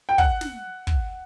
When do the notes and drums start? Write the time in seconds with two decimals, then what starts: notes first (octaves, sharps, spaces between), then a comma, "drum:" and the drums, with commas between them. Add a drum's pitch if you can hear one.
0.09 G5
0.18 F#5, drum: kick
0.41 drum: snare
0.87 drum: kick